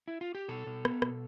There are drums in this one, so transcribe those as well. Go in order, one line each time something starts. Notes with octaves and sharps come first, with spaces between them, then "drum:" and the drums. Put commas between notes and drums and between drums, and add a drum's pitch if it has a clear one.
E4
F4
G4
B2 A4
B2
B3, drum: rim click
B2, drum: rim click